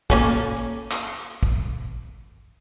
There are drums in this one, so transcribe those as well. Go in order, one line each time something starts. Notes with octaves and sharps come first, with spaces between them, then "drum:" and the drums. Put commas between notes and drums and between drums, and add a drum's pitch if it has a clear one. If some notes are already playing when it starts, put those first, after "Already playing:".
A#3 C#4 A4, drum: kick
drum: hi-hat
drum: clap
drum: kick